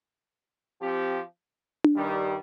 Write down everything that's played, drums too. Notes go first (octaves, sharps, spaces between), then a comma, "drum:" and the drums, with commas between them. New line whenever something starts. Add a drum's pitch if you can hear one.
F3 C4 G4
drum: tom D4
G2 D#3 G3